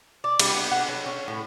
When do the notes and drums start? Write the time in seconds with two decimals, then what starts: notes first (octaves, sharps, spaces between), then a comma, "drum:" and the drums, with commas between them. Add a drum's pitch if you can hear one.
0.24 D5
0.39 G3, drum: cymbal
0.55 B3
0.71 F#5
0.88 F#3
1.06 C#4
1.28 A2